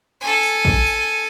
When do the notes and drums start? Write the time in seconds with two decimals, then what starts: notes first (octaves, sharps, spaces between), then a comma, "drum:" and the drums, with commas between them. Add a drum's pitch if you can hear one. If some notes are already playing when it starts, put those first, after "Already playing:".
0.21 A4 G#5
0.43 drum: tambourine
0.65 drum: kick
0.87 drum: tambourine